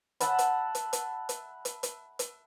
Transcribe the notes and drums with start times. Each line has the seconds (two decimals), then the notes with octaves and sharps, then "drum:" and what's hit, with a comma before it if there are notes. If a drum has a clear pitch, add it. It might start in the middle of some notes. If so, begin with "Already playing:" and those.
0.20 E5 F#5 A5 B5, drum: hi-hat
0.39 drum: hi-hat
0.75 drum: hi-hat
0.93 drum: hi-hat
1.29 drum: hi-hat
1.65 drum: hi-hat
1.83 drum: hi-hat
2.19 drum: hi-hat